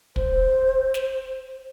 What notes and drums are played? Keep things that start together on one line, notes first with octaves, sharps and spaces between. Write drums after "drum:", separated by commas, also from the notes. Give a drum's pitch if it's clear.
C5, drum: kick
drum: snare